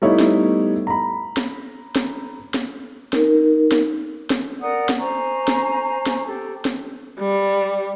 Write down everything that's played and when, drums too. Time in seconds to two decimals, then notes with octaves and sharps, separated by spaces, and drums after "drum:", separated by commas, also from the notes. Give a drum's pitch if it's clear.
0.02 G3 A3 B3 D#4 E4 C#5
0.20 drum: snare
0.87 A#5 B5
1.37 drum: snare
1.96 drum: snare
2.54 drum: snare
3.13 D#4 A#4, drum: snare
3.72 drum: snare
4.30 drum: snare
4.60 A#4 D5 F#5 D#6
4.89 drum: snare
4.99 C5 G#5 A#5 C#6
5.48 drum: snare
6.07 drum: snare
6.27 G4 A4
6.65 drum: snare
7.19 G3